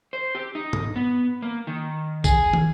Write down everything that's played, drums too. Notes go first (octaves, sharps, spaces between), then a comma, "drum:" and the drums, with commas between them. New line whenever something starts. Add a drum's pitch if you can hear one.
C5
G4
D#4
drum: tom
B3
A#3
D#3
G#4, drum: kick, tambourine
drum: tom